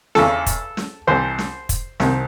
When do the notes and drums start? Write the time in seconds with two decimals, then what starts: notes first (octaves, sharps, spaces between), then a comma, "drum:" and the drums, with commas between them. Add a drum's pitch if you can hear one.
0.15 E2 C#3 E3 A4, drum: snare
0.46 drum: kick, hi-hat
0.77 drum: snare
1.07 C2 C3 E3 C5
1.38 drum: snare
1.69 drum: kick, hi-hat
2.00 C2 C3 D#3, drum: snare